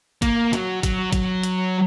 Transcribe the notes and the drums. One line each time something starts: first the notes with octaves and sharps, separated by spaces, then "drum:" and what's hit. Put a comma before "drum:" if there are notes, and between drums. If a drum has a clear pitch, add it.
A#3, drum: kick G#1, hi-hat
F#3, drum: hi-hat
F#3, drum: kick G#1, hi-hat
F#3, drum: kick G#1, hi-hat
drum: hi-hat